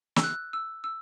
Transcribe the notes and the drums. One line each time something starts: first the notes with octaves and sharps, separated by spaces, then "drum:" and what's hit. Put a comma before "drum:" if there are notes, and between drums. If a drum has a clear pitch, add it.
E6, drum: snare
F#6
E6
E6